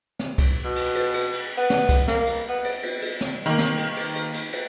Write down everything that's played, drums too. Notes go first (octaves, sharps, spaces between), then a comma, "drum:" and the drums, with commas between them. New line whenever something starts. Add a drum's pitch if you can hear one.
drum: snare
drum: kick C2, cymbal
B2
drum: cymbal
drum: cymbal
drum: cymbal
drum: cymbal
B3
drum: snare
drum: kick C2, cymbal
A#3, drum: snare
drum: cymbal
B3
drum: cymbal
drum: cymbal
drum: cymbal
drum: snare
D#3 A#3
drum: snare
drum: cymbal
drum: cymbal
drum: cymbal
drum: cymbal
drum: cymbal